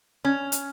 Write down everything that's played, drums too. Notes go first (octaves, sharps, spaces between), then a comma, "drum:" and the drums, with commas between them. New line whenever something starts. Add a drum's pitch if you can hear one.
C#4
drum: hi-hat